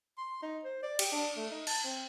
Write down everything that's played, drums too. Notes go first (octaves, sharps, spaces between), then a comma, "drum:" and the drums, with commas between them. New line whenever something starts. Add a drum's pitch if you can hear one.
C6
D#4
C5
D5
G4, drum: cymbal
D4
A3
D#4
A5, drum: cymbal
C4